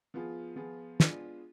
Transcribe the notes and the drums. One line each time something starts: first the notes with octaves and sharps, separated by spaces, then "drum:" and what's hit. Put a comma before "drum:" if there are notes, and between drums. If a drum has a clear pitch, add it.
F3 B3 F4 G#4
F3 B3 F4 G#4
G#3 B3 D4 F4 G#4, drum: snare